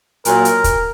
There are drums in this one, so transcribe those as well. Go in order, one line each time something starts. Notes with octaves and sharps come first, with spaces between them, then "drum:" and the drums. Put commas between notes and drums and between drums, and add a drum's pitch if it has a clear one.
A#2 F#3 A#4, drum: hi-hat
drum: hi-hat
drum: kick, hi-hat